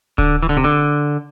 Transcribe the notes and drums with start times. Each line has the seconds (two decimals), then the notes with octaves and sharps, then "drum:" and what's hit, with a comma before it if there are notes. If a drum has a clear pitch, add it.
0.18 D3, drum: kick D1
0.43 E3
0.49 D3
0.57 C3
0.64 D3